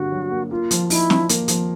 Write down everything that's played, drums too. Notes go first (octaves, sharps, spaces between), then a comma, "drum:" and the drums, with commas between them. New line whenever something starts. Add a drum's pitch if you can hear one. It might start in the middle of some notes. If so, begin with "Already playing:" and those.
Already playing: G2 D3 A#3 F#4
F#3
A#3
A#3 F4
F3, drum: hi-hat
D#4 E4, drum: open hi-hat
F3, drum: snare
A#3, drum: hi-hat
F3, drum: hi-hat